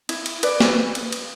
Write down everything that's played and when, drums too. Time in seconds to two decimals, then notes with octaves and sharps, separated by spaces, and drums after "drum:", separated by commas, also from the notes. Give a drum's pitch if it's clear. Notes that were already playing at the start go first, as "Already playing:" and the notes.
0.09 E4, drum: cymbal
0.26 drum: cymbal
0.43 B4 D5, drum: cymbal
0.60 drum: snare
0.95 drum: cymbal
1.12 drum: cymbal